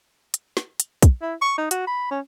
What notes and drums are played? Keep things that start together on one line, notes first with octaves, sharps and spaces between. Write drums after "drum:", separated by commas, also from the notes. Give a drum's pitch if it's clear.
drum: hi-hat
drum: snare
drum: hi-hat
drum: kick, hi-hat
E4
C#6
D#4
F#4, drum: hi-hat
B5
C#4